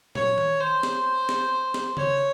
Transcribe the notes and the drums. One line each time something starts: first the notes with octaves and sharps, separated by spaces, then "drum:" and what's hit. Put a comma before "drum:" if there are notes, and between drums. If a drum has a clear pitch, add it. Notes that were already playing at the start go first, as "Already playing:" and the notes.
C#5, drum: tom
drum: tom D#3
C5
drum: snare
drum: snare
drum: snare
C#5, drum: tom C#3